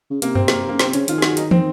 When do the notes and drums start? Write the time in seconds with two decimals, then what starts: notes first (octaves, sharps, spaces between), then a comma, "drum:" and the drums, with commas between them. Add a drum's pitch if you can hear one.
0.10 C#3
0.22 C3 A#3, drum: hi-hat
0.35 C4, drum: tom F#2
0.48 A#3, drum: snare
0.69 C#3 A#3
0.79 C3 C4, drum: snare
0.93 C#3 C#4, drum: hi-hat
1.08 D#3 F4, drum: hi-hat
1.18 G#4
1.22 F#4, drum: snare
1.37 D#4, drum: hi-hat
1.51 C4, drum: tom